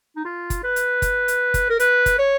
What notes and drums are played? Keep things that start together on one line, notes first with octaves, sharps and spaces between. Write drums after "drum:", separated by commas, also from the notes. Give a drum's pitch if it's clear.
D#4
F4
drum: kick, hi-hat
B4
drum: hi-hat
drum: kick, hi-hat
drum: hi-hat
drum: kick, hi-hat
A#4
B4, drum: hi-hat
drum: kick, hi-hat
C#5